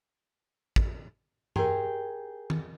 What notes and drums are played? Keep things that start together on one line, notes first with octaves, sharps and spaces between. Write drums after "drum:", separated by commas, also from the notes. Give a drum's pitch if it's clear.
drum: kick
G4 G#4 A#4 G5 A#5, drum: tom G2
drum: tom D#3